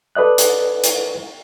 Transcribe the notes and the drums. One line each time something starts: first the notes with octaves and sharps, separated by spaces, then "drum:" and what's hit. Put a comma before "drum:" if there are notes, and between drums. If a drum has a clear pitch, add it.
A4 B4 D5 D#5 F#6
drum: hi-hat
drum: hi-hat